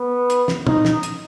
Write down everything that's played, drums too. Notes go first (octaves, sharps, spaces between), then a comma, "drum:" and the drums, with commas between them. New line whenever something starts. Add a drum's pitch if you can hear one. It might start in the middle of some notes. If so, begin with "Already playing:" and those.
Already playing: B3
drum: hi-hat
drum: snare
D#4, drum: tom
drum: snare
drum: hi-hat